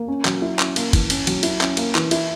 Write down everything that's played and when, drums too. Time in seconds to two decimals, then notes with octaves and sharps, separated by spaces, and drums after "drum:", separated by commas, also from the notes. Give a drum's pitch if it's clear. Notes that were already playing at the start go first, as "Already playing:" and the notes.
Already playing: A#3
0.08 C#4
0.25 F#3, drum: clap
0.42 E4
0.59 C#4, drum: clap
0.76 A#3, drum: cymbal
0.93 E3, drum: kick, cymbal
1.10 C#4, drum: cymbal
1.27 F#3, drum: cymbal
1.43 E4, drum: cymbal
1.61 C#4, drum: clap
1.77 A#3, drum: cymbal
1.95 E3, drum: clap
2.11 E4, drum: cymbal